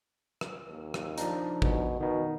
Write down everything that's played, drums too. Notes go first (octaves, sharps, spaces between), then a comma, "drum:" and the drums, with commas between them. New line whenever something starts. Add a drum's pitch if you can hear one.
drum: rim click
D#2
drum: rim click
F3 D4 D#4, drum: hi-hat
B2, drum: kick
B2 D#3 D#4